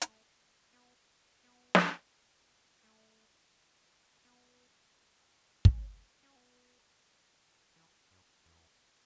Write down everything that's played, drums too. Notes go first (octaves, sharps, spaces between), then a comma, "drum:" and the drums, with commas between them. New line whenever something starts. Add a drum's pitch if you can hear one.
A3, drum: hi-hat
B3
B3
drum: snare
A3
B3
C#4, drum: kick
C#4
B3
E3
F#2
E2